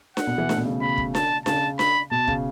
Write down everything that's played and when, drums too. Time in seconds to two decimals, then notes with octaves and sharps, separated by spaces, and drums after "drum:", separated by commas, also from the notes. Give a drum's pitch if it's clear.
0.17 F#5, drum: snare D4
0.27 B2
0.38 E3
0.49 A3, drum: snare D4
0.58 B2
0.65 C#3
0.81 C#3 B5
0.98 drum: kick
1.15 A5, drum: snare D4
1.46 C#3 A5, drum: snare D4
1.79 B5, drum: snare D4
2.11 B2 A5
2.28 C#3, drum: kick